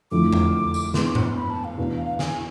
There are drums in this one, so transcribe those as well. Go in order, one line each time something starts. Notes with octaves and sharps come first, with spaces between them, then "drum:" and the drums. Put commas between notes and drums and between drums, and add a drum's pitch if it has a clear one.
F2 D3 F3 A3 E4 D6
drum: tom E2
drum: tambourine
E3 G#3 B3 D4 C6, drum: snare
D6
C6, drum: tom
B5
A5
F5
E2 B2 B3 D4
G#5, drum: snare